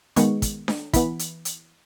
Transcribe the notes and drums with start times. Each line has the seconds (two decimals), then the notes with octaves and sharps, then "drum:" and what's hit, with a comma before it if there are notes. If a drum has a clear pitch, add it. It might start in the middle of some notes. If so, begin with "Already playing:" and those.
0.16 D#3 G#3 B3 C#6, drum: hi-hat
0.42 drum: kick, hi-hat
0.68 drum: snare D4
0.93 E3 B3 B5, drum: kick, hi-hat
1.19 drum: hi-hat
1.45 drum: hi-hat